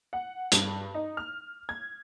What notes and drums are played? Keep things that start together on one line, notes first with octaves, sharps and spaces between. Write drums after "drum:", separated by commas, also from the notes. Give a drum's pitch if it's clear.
F#5
G2, drum: hi-hat
D#4
F6
G#6